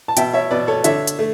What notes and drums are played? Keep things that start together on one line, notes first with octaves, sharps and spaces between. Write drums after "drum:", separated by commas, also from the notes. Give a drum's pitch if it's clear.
A5
B2 E5 G5, drum: hi-hat
C#5 E5
B2 B4 D5
A4 C#5
D3 C#5 E5, drum: hi-hat
drum: hi-hat
A3